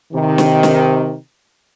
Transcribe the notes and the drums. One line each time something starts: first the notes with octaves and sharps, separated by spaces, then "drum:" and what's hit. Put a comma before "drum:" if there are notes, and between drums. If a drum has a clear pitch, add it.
C3 D#3
drum: snare
drum: snare